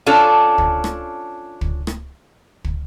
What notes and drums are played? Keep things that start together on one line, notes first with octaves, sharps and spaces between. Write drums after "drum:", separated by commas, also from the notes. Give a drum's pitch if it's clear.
C#4 D4 F4 A4
drum: kick
drum: rim click
drum: kick
drum: rim click
drum: kick